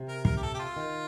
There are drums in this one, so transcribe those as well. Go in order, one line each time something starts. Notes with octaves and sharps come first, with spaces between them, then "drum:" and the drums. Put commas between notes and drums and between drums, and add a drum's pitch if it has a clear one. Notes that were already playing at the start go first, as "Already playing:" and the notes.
Already playing: C3
A#4
A#4, drum: kick
G4
A4
G4
F4
D#3